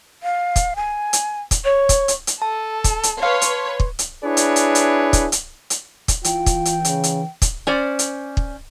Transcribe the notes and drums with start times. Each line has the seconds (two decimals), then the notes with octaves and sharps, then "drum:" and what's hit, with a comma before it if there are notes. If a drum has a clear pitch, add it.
0.23 F5
0.56 drum: kick, hi-hat
0.76 G#5
1.13 drum: hi-hat
1.51 drum: kick, hi-hat
1.65 C#5 C#6
1.89 drum: kick, hi-hat
2.08 drum: hi-hat
2.27 drum: hi-hat
2.42 A4 A5
2.84 drum: kick, hi-hat
3.03 drum: hi-hat
3.22 B4 C#5 F5 C6
3.41 drum: hi-hat
3.80 drum: kick
3.99 drum: hi-hat
4.24 D4 E4 G#4 B4 C#5
4.37 drum: hi-hat
4.56 drum: hi-hat
4.75 drum: hi-hat
5.13 drum: kick, hi-hat
5.32 drum: hi-hat
5.70 drum: hi-hat
6.08 drum: kick, hi-hat
6.24 E3 F4 G5, drum: hi-hat
6.46 drum: kick, hi-hat
6.65 drum: hi-hat
6.85 C#3, drum: hi-hat
7.04 drum: hi-hat
7.42 drum: kick, hi-hat
7.67 C#4 C5 D5
7.99 drum: hi-hat
8.37 drum: kick